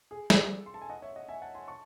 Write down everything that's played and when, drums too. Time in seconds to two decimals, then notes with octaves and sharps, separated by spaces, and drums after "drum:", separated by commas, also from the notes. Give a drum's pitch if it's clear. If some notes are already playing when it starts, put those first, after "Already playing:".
0.11 G#4
0.30 A4, drum: snare
0.66 C6
0.74 A5
0.82 G#5
0.90 D#5 F#5
1.02 C#5 E5
1.16 D#5 F#5
1.29 E5 G#5
1.42 F#5 A5
1.55 G#5 C6
1.68 A5 C#6